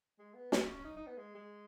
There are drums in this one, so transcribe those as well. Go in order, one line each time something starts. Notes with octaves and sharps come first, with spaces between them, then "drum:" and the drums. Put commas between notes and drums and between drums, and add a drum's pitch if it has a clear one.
G#3
B3
B3, drum: snare
D#4
C#4
D#4
D#4
B3
G#3
G#3